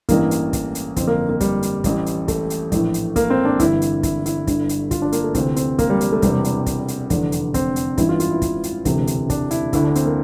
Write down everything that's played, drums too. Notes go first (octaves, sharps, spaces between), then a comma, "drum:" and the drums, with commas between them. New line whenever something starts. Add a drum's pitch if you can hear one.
A1 G2 E3 A#3, drum: kick, hi-hat
drum: hi-hat
drum: kick, hi-hat
drum: hi-hat
G1 F2 E3 C4, drum: kick, hi-hat
A#3
A#3
G3, drum: kick, hi-hat
drum: hi-hat
A1 A2 E3, drum: kick, hi-hat
drum: hi-hat
A3, drum: kick, hi-hat
drum: hi-hat
A#1 A2 E3, drum: kick, hi-hat
drum: hi-hat
A#3, drum: kick, hi-hat
C4
D4
G1 G2 E3 E4, drum: kick, hi-hat
drum: hi-hat
E4, drum: kick, hi-hat
E4, drum: hi-hat
G1 G2 D3, drum: kick, hi-hat
drum: hi-hat
F4, drum: kick, hi-hat
D4
A#3, drum: hi-hat
A3
D2 C3 E3 C4, drum: kick, hi-hat
C4, drum: hi-hat
A#3, drum: kick, hi-hat
G3
G3, drum: hi-hat
A3
E1 E2 C3 E3 G3, drum: kick, hi-hat
drum: hi-hat
drum: kick, hi-hat
drum: hi-hat
F1 E2 D3, drum: kick, hi-hat
drum: hi-hat
C4, drum: kick, hi-hat
drum: hi-hat
A1 G2 E3 E4, drum: kick, hi-hat
F4
F4, drum: hi-hat
E4
drum: kick, hi-hat
drum: hi-hat
E1 D2 C3 E3, drum: kick, hi-hat
drum: hi-hat
D4, drum: kick, hi-hat
E4, drum: hi-hat
D2 D3 E4, drum: kick, hi-hat
D4
C4, drum: hi-hat
A#3